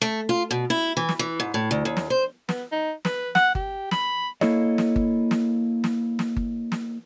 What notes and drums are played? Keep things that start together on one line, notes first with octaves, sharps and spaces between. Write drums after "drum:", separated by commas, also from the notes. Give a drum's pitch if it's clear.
A3
F4
B2
E4
E3
drum: snare
E3
G#2
A2
D2
D#2
drum: snare
C5
B3, drum: snare
D#4
B4, drum: snare
F#5, drum: snare
G4, drum: kick G1
B5, drum: snare
A#3 E4 A4 C#5 D#5, drum: snare
drum: snare
drum: kick G1
drum: snare
drum: snare
drum: snare
drum: kick G1
drum: snare